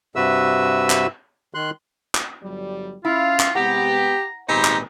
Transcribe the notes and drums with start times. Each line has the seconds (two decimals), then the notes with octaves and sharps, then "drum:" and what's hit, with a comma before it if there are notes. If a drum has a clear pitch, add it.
0.16 G2 C3 F#4 B4 E5 E6
0.90 drum: clap
1.54 D#3 C6 F#6
2.15 drum: clap
2.42 G1 F#3 G3
3.05 C#4 E4 F4 F5
3.40 drum: clap
3.55 C3 G#3 B3 G4 F#5 A#5
4.49 G#1 A#2 B3 D#4 G4 C5 A#5
4.64 drum: clap